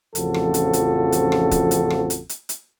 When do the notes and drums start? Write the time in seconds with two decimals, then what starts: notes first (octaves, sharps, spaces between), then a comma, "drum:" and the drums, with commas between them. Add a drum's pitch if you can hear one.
0.15 A1 F2 C#3 F3 F#4 A4, drum: hi-hat
0.34 drum: rim click
0.54 drum: hi-hat
0.73 drum: hi-hat
1.12 drum: hi-hat
1.32 drum: rim click
1.51 drum: kick, hi-hat
1.71 drum: hi-hat
1.90 drum: rim click
2.10 drum: hi-hat
2.29 drum: hi-hat
2.49 drum: hi-hat